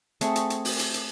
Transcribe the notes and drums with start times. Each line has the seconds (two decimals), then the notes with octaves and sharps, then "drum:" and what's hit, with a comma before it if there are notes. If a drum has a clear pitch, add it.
0.21 A3 C4 G#4 C#6, drum: hi-hat
0.36 drum: hi-hat
0.50 drum: hi-hat
0.65 drum: open hi-hat
0.79 drum: hi-hat
0.94 drum: hi-hat